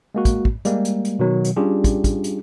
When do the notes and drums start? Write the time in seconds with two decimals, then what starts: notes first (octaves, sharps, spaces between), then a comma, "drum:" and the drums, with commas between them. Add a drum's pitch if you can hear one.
0.15 G#3 A#3 F#4
0.25 drum: kick, hi-hat
0.45 drum: kick
0.65 G3 G#3 A#3, drum: hi-hat
0.85 drum: hi-hat
1.05 drum: hi-hat
1.19 B2 D#3 F#3
1.45 drum: hi-hat
1.56 G3 C#4 D4 F4 G4 G#4
1.84 drum: kick, hi-hat
2.04 drum: kick, hi-hat
2.24 drum: hi-hat